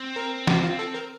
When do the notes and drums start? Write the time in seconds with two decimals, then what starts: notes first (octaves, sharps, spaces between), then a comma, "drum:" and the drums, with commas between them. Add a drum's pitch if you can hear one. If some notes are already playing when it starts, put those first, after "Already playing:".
Already playing: C4
0.16 A#4
0.47 drum: snare
0.63 F4
0.79 A4
0.94 A#4